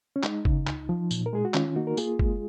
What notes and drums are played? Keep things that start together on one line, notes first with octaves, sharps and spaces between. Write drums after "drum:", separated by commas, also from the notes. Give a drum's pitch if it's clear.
C#4
G#3 D#4, drum: clap
C#3, drum: kick
C#2, drum: clap
F3
A#2, drum: tambourine
A#4
G#3 G#4
F#4
D#3 C#4 F4, drum: clap
A#3 D#4 F#4
A#4
A#3 F4 G#4, drum: tambourine
G#3, drum: kick